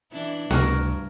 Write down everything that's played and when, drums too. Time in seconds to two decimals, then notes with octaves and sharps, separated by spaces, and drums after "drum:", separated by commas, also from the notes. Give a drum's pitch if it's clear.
0.12 E3 D4 E4
0.51 C#2 G2 C3 A3 F#4 A#4, drum: snare B3